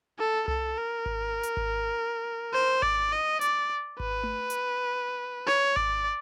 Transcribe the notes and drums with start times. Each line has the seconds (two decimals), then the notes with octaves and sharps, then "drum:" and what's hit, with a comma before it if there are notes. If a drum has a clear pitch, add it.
0.19 A4
0.48 A4, drum: tom C2
0.78 A#4
1.06 drum: kick G#1
1.43 drum: hi-hat
1.57 drum: kick G#1
2.54 C5
2.82 D5, drum: kick G#1
3.12 D#5
3.41 D5, drum: hi-hat
4.00 B4, drum: kick G#1
4.23 drum: tom A3
4.50 drum: hi-hat
5.47 C#5
5.76 D5, drum: kick G#1